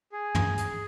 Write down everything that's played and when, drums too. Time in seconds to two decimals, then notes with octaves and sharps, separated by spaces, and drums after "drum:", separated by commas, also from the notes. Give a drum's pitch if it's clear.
0.12 G#4
0.35 drum: tom
0.57 G#4, drum: hi-hat